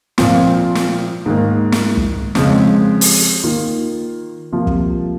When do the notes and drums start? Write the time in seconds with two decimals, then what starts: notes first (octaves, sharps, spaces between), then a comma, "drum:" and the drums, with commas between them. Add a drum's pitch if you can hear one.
0.18 A#2 F3 C4 F4, drum: snare
0.75 drum: snare
1.26 G#2 D#3 A#3
1.72 drum: snare
1.97 drum: kick
2.35 F2 C#3 G#3, drum: snare
3.01 drum: open hi-hat
3.44 D#3 A#3 F4
4.52 C3 F3 A#3 F4
4.67 drum: kick